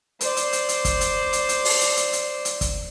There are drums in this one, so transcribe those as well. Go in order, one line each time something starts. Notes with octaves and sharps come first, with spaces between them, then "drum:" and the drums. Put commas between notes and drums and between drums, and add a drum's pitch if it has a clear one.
C5 D5, drum: hi-hat
drum: hi-hat
drum: hi-hat
drum: hi-hat
drum: kick, hi-hat
drum: hi-hat
drum: hi-hat
drum: hi-hat
drum: open hi-hat
drum: hi-hat
drum: hi-hat
drum: hi-hat
drum: hi-hat
drum: kick, hi-hat